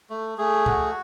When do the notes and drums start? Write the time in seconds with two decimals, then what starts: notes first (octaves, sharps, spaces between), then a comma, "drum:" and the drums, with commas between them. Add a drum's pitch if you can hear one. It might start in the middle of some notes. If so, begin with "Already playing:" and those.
0.10 A3
0.38 A3 G#4
0.66 F#4, drum: kick C2